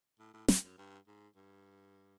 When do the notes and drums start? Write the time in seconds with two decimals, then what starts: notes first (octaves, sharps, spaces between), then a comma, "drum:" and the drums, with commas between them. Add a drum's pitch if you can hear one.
0.19 A2
0.34 A2
0.48 G2, drum: snare
0.63 F#2
0.78 G2
1.07 G#2
1.36 G2